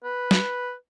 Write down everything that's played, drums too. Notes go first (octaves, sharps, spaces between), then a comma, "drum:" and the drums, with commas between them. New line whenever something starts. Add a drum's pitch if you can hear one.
B4
drum: snare